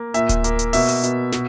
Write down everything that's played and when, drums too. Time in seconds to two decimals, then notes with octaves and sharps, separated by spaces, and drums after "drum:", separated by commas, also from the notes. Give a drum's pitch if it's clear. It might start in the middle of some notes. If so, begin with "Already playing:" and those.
Already playing: A#3
0.14 A#2 E5, drum: hi-hat
0.29 drum: kick D1, hi-hat
0.44 A#3, drum: hi-hat
0.59 drum: hi-hat
0.73 B2 E5, drum: open hi-hat
0.88 drum: hi-hat
1.03 B2, drum: hi-hat
1.32 B2, drum: snare